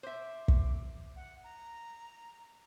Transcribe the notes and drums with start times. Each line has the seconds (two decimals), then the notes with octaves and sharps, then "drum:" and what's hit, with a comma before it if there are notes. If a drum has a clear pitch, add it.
0.03 C5 E5 D6
0.48 drum: kick
1.16 F#5
1.44 A#5